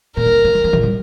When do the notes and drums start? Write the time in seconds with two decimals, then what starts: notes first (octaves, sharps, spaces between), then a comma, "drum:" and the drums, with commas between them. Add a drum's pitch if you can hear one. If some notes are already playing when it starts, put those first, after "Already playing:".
0.16 A#2 A#4
0.26 D3
0.45 F3
0.55 E3
0.64 F3
0.73 E3, drum: tom A2
0.83 G3